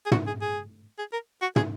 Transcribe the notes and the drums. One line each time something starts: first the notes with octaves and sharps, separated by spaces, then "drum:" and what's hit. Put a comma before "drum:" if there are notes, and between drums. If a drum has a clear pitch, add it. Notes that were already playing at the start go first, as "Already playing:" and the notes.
G#4
F#4, drum: tom
G#4
G#4
G#4
A#4
F#4
G#4, drum: tom